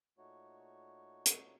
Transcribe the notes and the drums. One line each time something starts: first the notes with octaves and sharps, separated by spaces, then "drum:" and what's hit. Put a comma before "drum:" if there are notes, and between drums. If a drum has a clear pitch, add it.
A#2 A3 D#4 F#4 C#5
drum: hi-hat